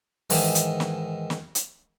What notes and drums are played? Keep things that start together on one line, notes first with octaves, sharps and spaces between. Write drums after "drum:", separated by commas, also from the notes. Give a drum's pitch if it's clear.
G#2 D#3 E3, drum: open hi-hat
drum: hi-hat
drum: snare
drum: snare
drum: hi-hat